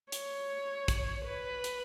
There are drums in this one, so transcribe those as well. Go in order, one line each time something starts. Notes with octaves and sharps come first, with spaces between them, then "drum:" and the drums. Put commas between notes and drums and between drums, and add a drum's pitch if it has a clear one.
C#5, drum: hi-hat
drum: kick, hi-hat
B4
drum: hi-hat